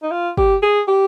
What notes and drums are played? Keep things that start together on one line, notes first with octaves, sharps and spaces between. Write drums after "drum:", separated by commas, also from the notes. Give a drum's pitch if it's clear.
D#4
F4
G4, drum: kick
G#4
G4